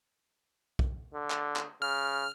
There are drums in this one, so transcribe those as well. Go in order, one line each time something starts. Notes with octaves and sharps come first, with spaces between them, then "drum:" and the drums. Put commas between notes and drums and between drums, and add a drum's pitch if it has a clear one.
drum: kick B1
D3
drum: clap
drum: clap
C#3 F6